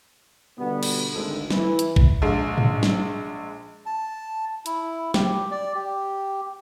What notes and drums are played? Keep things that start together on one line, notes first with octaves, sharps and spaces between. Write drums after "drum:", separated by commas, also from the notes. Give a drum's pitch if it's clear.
B2 D3 G3 B3
drum: cymbal
G#1 D2 G#2 G#3 A4
E3 E4, drum: snare
drum: hi-hat
drum: kick A1
A#1 G#3
drum: tom G#2
drum: snare
A5
E4, drum: hi-hat
G4, drum: snare
D5
G4